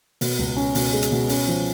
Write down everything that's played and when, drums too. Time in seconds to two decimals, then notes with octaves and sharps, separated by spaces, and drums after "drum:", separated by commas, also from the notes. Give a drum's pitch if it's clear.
0.21 B2, drum: open hi-hat
0.39 C#2
0.57 C#4
0.75 B2, drum: open hi-hat
0.93 G#3
1.02 drum: hi-hat
1.12 B2
1.29 C#4, drum: open hi-hat
1.48 F3